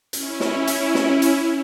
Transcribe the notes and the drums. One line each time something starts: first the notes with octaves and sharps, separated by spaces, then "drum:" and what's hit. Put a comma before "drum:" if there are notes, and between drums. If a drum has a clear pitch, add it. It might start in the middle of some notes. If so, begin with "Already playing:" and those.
C#4 E4, drum: hi-hat
drum: snare
drum: hi-hat
drum: snare
drum: hi-hat